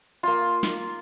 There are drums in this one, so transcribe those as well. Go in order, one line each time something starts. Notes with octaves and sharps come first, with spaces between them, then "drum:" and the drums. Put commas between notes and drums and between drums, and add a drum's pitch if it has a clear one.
A#3 F4
drum: snare